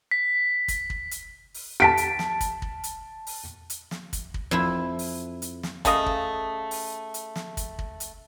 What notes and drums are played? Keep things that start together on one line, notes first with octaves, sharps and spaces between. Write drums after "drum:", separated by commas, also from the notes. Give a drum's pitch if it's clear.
B6
drum: kick, hi-hat
drum: kick
drum: hi-hat
drum: open hi-hat
A5 B6 D7
drum: hi-hat
drum: snare
drum: kick, hi-hat
drum: kick
drum: hi-hat
drum: open hi-hat
drum: hi-hat
drum: snare
drum: kick, hi-hat
drum: kick
F2 E4
drum: open hi-hat
drum: hi-hat
drum: snare
C#3 A3 D#5 F5, drum: kick, hi-hat
drum: kick
drum: open hi-hat
drum: hi-hat
drum: snare
drum: kick, hi-hat
drum: kick
drum: hi-hat